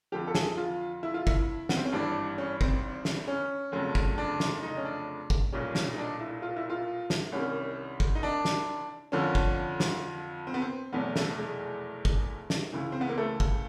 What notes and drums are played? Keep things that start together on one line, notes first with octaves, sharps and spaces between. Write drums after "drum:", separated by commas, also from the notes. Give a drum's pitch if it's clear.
F2 D3 F3 G4
A4
G#4, drum: snare
F4
E4
F4
E4, drum: kick
B3, drum: snare
C4
C#4
G#1 G2 E3 G3 D4
C#4
C4, drum: kick
drum: snare
C#4
F1 F2 C#3 F#3
drum: kick
D4
drum: snare
D#4
C#4
D4
drum: kick
B1 A#2 G3 C#4
drum: snare
D#4
D4
E4
F4
E4
F4
drum: snare
C2 C3 D#3 G3 C#4
drum: kick
D#4
D4
drum: snare
F2 D3 F3 C#4
drum: kick
drum: snare
C4
B3
C4
F1 E2 B2 F#3 B3
A3, drum: snare
G#3
drum: kick
drum: snare
C#2 C#3 E3
C4
B3
A#3
A3
drum: kick